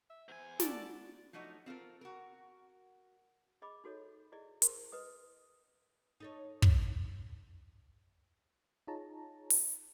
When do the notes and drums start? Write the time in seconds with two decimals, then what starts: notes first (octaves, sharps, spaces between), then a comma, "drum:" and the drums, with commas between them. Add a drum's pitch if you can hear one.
0.10 E5
0.29 E2 C5 G#5
0.60 F#4 A4 D5 A5, drum: snare
1.33 F3 F#3 A3 D#4 F#4
1.66 C4 F4 A4 A#4
2.01 F#4 A#4
3.62 G#4 D#5 B5 D6
3.84 D#4 F#4 A4 C#5 D#5
4.32 E4 G#4 D5 D#5
4.62 E4 G#4 A#4 C5 A5 C6, drum: hi-hat
4.92 B4 D#5 D#6
6.20 D#4 A4 C#5
6.62 drum: kick
8.87 D#4 F4 G#4 C#5 A5 A#5
9.50 drum: open hi-hat